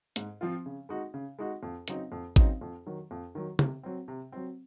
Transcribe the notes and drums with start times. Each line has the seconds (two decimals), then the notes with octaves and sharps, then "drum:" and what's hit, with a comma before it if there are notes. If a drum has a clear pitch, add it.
0.16 G#2, drum: hi-hat
0.41 F3 C4 F4
0.66 C#3
0.89 G#3 D#4 F#4
1.14 C#3
1.39 G#3 D#4 F#4
1.63 F2
1.88 C#3 F#3 C4 D#4, drum: hi-hat
2.12 F2
2.36 C#3 F#3 C4 D#4, drum: kick G#1
2.61 F2
2.86 D#3 F#3
3.11 F2
3.35 D#3 F#3
3.59 C3, drum: tom
3.83 F#3 C4
4.08 C3
4.32 F#3 C4